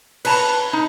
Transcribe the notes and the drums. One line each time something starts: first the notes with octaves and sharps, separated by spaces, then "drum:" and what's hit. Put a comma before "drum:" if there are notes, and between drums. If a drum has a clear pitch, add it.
B4 C#5 A5 A#5, drum: cymbal
D#4